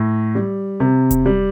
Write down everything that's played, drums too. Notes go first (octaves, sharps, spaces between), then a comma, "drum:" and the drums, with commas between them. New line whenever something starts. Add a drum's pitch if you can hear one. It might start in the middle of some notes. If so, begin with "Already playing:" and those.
Already playing: A2
G3
C3
drum: kick E1, hi-hat
G3